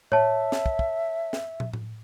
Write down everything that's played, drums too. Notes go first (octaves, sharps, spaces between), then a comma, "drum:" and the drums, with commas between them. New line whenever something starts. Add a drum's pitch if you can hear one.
C#5 E5 A5, drum: tom A2
drum: snare
drum: kick
drum: kick
drum: snare
drum: tom
drum: tom A2